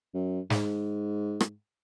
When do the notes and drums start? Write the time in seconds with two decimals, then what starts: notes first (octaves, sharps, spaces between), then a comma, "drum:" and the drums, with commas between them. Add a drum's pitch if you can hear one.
0.14 F#2
0.50 G#2, drum: snare
1.41 drum: rim click